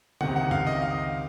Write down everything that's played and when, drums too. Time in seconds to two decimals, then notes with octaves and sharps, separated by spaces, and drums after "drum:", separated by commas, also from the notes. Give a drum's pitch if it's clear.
0.21 C#2 C3 D#3 F#5, drum: tom C#3
0.36 F#5
0.51 F5, drum: tom F#2
0.67 D#5
0.82 F5